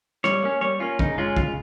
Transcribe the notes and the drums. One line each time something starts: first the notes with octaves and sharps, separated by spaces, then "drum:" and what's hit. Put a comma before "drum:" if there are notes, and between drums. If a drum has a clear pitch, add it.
G3 C#5, drum: rim click
A#3 C#4
G3 C#5
A#3 C#4 F4
C#3 D#4, drum: kick
G#3 C#4 F4
C#3 F4, drum: kick